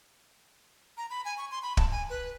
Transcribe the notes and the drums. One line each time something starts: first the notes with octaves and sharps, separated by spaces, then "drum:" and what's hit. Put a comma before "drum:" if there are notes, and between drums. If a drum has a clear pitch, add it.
A#5
B5
G#5
C#6
C6
B5
A5, drum: kick
G#5
B4